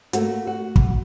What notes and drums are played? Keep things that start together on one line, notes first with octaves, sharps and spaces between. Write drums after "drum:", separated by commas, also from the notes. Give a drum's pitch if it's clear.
A3 A#3 F#4, drum: hi-hat
F#4
drum: kick